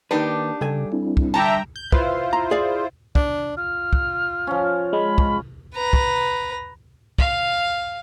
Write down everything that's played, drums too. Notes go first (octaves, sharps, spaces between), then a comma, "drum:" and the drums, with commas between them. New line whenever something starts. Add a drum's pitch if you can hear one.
D#3 A#3 D4 D#4 G4 B4
G2 C#3 A4 G#5
C4 D4 E4
drum: kick
D3 E5 G5 A5 A#5
G6
E4 F4 B4 C5, drum: kick
A#5
G#4 D5 F5
D4, drum: kick
F4 F6
drum: kick
F3 C#4
G#3 B5
drum: kick
B4 A#5
drum: kick
F5, drum: kick